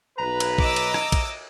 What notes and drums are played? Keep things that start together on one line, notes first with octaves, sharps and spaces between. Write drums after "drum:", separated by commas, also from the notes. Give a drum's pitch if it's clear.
B1 B4 A#5
drum: cymbal
D#5 D6 E6, drum: kick A#1
drum: cymbal
drum: rim click
drum: kick A#1, cymbal